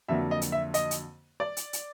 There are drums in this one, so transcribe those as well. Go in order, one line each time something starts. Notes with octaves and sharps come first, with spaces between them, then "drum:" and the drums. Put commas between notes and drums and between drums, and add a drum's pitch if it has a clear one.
F2 D3 F#3 A#3 E5
D#5
drum: hi-hat
E5
D#5, drum: hi-hat
drum: hi-hat
D5
drum: hi-hat
drum: hi-hat